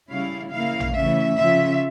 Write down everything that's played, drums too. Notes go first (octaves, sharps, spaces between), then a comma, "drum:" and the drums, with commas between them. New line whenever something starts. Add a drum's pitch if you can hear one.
C#3 G3 C#4 E4 F5
C#3 E3 A#3 E4 F5
drum: tom
C#3 E3 A3 C#4 E5
C#3 F3 C#4 F4 E5